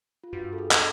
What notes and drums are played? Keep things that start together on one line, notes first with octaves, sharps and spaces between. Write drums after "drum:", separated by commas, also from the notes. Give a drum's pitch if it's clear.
F4
G2 F#4
A4
G#4
drum: clap